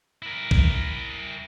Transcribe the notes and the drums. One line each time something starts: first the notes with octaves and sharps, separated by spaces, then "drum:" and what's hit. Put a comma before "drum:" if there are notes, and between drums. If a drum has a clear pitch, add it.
E4 A#4
drum: kick